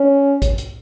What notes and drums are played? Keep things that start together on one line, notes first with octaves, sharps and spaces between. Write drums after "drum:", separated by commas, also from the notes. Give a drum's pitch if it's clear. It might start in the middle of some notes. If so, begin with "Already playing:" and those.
Already playing: C#4
drum: kick, hi-hat
drum: hi-hat